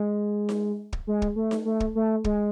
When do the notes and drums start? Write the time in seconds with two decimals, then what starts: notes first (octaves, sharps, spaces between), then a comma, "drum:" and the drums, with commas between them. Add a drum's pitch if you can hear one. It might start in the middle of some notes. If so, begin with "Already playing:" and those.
Already playing: G#3
0.49 drum: snare D#4
0.93 drum: kick
1.07 G#3
1.22 drum: kick
1.36 A3
1.51 drum: snare D#4
1.65 A3
1.80 drum: kick
1.95 A3
2.24 G#3, drum: kick